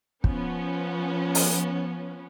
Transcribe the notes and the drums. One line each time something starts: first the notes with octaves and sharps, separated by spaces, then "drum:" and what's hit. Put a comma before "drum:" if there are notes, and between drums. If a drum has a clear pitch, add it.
F3 B3 C#4, drum: kick
drum: open hi-hat